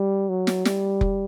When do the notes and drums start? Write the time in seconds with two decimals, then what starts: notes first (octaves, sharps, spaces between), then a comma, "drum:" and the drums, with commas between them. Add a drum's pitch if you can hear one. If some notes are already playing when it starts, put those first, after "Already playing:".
Already playing: G3
0.29 F#3
0.47 drum: snare
0.65 G3, drum: snare
1.01 drum: kick F1